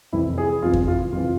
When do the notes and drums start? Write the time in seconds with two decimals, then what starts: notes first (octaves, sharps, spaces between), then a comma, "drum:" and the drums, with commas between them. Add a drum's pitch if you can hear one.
0.13 F2 C3 E3 E4
0.38 G#4
0.62 F2 C3 E3 F4
0.73 drum: kick F2
0.88 F4
1.12 F2 C3 E3 F4